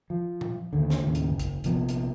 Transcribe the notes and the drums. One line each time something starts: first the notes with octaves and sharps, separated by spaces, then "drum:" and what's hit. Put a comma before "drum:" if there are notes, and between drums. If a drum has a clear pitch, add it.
F3
drum: tom A#2
D#2 D3
drum: snare
D#2 A2 C#3
drum: hi-hat
F#1
drum: kick, hi-hat
A#1 C3 F3 B3, drum: hi-hat
drum: hi-hat